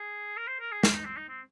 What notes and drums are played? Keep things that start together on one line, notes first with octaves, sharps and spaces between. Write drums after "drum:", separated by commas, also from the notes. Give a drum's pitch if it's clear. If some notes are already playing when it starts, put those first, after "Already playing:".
Already playing: G#4
A#4
C5
A#4
G#4
F4, drum: snare
D#4
C4
D#4
C4